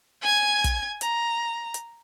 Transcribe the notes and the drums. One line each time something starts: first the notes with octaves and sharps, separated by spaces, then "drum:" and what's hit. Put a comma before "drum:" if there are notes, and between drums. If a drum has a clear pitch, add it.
G#5 G#6
drum: kick, hi-hat
A#5, drum: hi-hat
drum: hi-hat